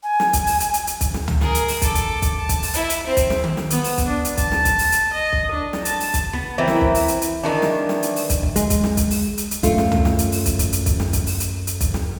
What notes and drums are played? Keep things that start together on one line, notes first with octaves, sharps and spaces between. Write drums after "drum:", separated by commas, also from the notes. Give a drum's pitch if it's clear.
G#5
drum: snare
drum: kick, hi-hat
drum: open hi-hat
drum: hi-hat
drum: hi-hat
drum: hi-hat
drum: kick, hi-hat
drum: snare
drum: tom C#2
G#4 A#4, drum: snare
drum: hi-hat
drum: open hi-hat
A4 D6, drum: kick, hi-hat
drum: kick, hi-hat
drum: kick, hi-hat
A5
drum: kick, hi-hat
drum: open hi-hat
E4, drum: hi-hat
drum: hi-hat
C4 C5
drum: kick, hi-hat
drum: snare
drum: tom D#3
drum: snare
B3, drum: hi-hat
drum: open hi-hat
drum: kick, hi-hat
D4
drum: hi-hat
A5, drum: kick, hi-hat
drum: snare
drum: kick, hi-hat
drum: open hi-hat
drum: hi-hat
D#5
drum: kick
D4
drum: snare
A5, drum: hi-hat
drum: open hi-hat
drum: kick, hi-hat
B3
E3 C4 E4 A#4
drum: snare
drum: kick
drum: open hi-hat
drum: hi-hat
drum: hi-hat
D#3 E3 D4
drum: snare
drum: snare
drum: hi-hat
drum: open hi-hat
drum: kick, hi-hat
drum: kick
G#3, drum: hi-hat
drum: kick, hi-hat
drum: snare
drum: kick, hi-hat
drum: open hi-hat
drum: hi-hat
drum: hi-hat
F#2 A3 F4, drum: kick, hi-hat
drum: snare
drum: tom C#2
drum: snare
drum: hi-hat
drum: open hi-hat
drum: kick, hi-hat
drum: kick, hi-hat
drum: hi-hat
drum: kick, hi-hat
drum: snare
drum: kick, hi-hat
drum: open hi-hat
drum: hi-hat
drum: hi-hat
drum: kick, hi-hat
drum: snare